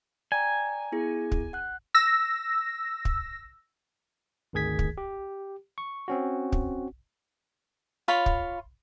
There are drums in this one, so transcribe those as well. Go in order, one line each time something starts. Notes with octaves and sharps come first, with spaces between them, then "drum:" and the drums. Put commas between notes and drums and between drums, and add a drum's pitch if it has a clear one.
D5 G5 G#5 A#5
B3 E4 G#4
drum: kick
F#5 F#6
E6 A#6
drum: kick
G#1 D2 D#3 G#4 G#6 B6
drum: kick
G4
C#6
C4 C#4 F#4
drum: kick
F4 C#5 F5 B5
drum: kick